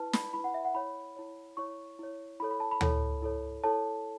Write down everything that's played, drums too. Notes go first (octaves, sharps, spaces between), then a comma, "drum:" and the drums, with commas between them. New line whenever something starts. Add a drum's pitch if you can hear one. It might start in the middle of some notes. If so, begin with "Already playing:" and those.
Already playing: E4 B4 A5
B5, drum: snare
E4 B4 B5
F#5
E5
F#5
E4 C#5 B5
E4 C#5
E4 C#5 C#6
E4 C#5
E4 A4 C#5 B5
B5
A5
B5
E4 A4 C#5, drum: tom D2
E4 A4 C#5
E4 A4 C#5 A5